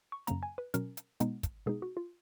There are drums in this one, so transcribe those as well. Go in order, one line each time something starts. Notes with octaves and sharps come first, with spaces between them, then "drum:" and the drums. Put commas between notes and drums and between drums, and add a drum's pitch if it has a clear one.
C#6
F#2 C#3 F#3 A#3 A#5, drum: hi-hat
G#5
B4
B2 F#3 C#4 A#4, drum: hi-hat
drum: hi-hat
B2 G#3 B3 D#4, drum: hi-hat
drum: kick, hi-hat
B2 G#3 B3 D#4 G#4
F#4
F4